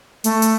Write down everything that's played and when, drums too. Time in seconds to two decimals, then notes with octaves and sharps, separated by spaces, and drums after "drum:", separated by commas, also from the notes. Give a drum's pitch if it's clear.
0.24 A3, drum: hi-hat
0.42 drum: hi-hat